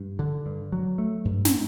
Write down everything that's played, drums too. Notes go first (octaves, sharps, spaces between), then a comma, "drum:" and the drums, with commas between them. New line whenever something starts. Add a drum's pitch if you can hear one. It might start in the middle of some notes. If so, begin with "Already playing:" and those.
Already playing: G2
D3
G2
F#3
A3
G2
drum: snare